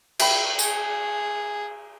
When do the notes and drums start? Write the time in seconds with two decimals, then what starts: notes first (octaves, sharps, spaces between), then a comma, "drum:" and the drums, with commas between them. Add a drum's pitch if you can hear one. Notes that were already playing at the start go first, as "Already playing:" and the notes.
0.19 E5 G5 B5, drum: cymbal
0.59 G#4, drum: tambourine